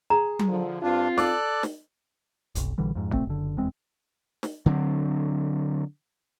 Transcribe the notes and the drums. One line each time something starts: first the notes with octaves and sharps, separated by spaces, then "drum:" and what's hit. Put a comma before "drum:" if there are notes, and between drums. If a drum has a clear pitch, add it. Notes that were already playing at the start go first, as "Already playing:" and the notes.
G#4 A#5
drum: tom F#3
D3 F3
G2 C4 D4 F4
A4 D5 D6 F#6, drum: snare
drum: snare
F1 B1, drum: hi-hat
A#1 D3 E3 G3
F2 G#2
A#2 A3 C4, drum: kick
F#1 D3
F1 E2 G#3 C4
drum: snare
D3 F#3 A3 C4